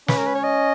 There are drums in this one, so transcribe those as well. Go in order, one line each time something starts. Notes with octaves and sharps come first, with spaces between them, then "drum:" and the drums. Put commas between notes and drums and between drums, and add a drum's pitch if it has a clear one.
C#4 B4, drum: snare
A#4
B4
C#5
D#5